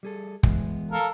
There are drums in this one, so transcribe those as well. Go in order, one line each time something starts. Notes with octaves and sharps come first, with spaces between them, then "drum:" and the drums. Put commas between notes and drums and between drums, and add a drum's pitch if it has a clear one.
G3 G#4 A4
E3 G#3 B3, drum: kick
A4 A#4 F5